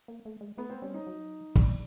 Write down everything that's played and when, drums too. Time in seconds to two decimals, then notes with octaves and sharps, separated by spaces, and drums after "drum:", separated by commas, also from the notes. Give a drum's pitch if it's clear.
0.08 A#3
0.25 A3
0.41 G#3
0.57 A3 B3
0.70 C4
0.82 G3 C#4
0.94 D#4
1.07 F#3
1.56 G#3 D4, drum: kick